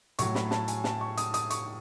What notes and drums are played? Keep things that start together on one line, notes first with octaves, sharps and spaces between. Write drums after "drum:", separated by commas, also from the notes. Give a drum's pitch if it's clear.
A2 F#3 C#6, drum: hi-hat
B5, drum: snare
A5, drum: snare
G#5, drum: hi-hat
A5, drum: snare
C#6
D#6, drum: hi-hat
D#6, drum: hi-hat
C#6, drum: hi-hat